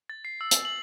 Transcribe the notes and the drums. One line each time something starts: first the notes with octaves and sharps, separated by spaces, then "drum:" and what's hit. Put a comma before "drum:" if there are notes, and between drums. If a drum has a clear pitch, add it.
A6
C7
E6
drum: hi-hat
F#7